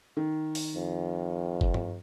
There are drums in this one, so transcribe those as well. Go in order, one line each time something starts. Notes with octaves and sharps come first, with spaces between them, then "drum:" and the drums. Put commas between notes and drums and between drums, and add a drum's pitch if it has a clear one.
D#3
drum: open hi-hat
F2
drum: kick F#1
drum: tom G2